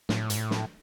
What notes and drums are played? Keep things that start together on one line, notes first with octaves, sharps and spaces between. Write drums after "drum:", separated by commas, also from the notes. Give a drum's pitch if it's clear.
A2, drum: snare
G#2, drum: hi-hat
A2
drum: snare